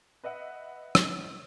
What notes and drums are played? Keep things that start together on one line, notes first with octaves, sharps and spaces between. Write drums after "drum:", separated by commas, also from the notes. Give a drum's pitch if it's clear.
B4 D#5 E5 F#5
drum: rim click